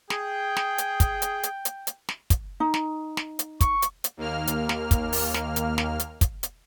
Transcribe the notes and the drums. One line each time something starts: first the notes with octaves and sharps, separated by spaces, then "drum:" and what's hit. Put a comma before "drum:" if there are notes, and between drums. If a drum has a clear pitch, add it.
G#4 G5, drum: snare
drum: snare
drum: hi-hat
drum: kick, hi-hat
drum: hi-hat
drum: hi-hat
drum: hi-hat
drum: hi-hat
drum: snare
drum: kick, hi-hat
D#4
drum: snare
drum: snare
drum: hi-hat
C#6, drum: kick, hi-hat
drum: hi-hat
drum: hi-hat
D#2 A#3 F6
drum: hi-hat
drum: snare
drum: kick, hi-hat
drum: open hi-hat
drum: snare
drum: hi-hat
drum: snare
drum: hi-hat
drum: kick, hi-hat
drum: hi-hat